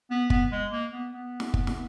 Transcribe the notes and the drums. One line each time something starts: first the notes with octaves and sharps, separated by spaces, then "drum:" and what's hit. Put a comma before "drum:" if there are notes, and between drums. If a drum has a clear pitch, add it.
B3
B3, drum: kick
G#3
A#3
B3
B3
drum: snare
drum: kick
drum: snare